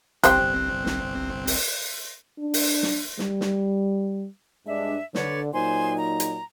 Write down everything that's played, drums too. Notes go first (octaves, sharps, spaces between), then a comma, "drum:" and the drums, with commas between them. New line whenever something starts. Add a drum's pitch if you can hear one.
G1 C2 C4 G4 C5 G5 F#6, drum: hi-hat
drum: snare
drum: open hi-hat
D4
drum: open hi-hat
drum: snare
G3, drum: snare
drum: snare
G2 G#3 D4 E5
D3 B4 C#5 D5, drum: snare
A#2 F#3 D#4 C5 G#5 C6
A#5
drum: hi-hat